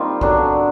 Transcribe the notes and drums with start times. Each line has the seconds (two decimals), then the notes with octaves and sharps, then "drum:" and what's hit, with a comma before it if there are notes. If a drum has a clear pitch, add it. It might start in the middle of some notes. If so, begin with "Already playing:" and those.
Already playing: D#3 G3 A#3 C4 F4
0.21 D3 F#3 B3 D4, drum: kick A#1